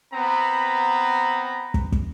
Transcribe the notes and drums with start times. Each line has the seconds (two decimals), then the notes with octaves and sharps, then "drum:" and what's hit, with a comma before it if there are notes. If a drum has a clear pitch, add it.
0.13 B3 C4 A#5 B5
1.74 drum: kick
1.92 drum: kick